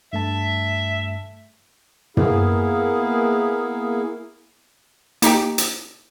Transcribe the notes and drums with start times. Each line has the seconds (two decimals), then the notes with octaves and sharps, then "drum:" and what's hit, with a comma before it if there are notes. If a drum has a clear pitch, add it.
0.13 G2 A3 E5 A5
2.17 A#3 B3 E4 G#4 F5, drum: tom
5.22 A#3 D#4 G4 G5, drum: hi-hat
5.58 drum: hi-hat